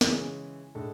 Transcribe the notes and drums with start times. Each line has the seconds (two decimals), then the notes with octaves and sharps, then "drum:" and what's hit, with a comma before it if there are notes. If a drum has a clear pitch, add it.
0.01 C#3 E3 G#3 C#4 E4, drum: snare
0.75 A2 G#3 D4 A4